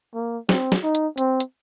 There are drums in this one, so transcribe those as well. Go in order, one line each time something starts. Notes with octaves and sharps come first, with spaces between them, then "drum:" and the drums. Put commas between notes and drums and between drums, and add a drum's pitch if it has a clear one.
A#3
C4, drum: snare
drum: snare
D#4
drum: hi-hat
C4, drum: hi-hat
drum: hi-hat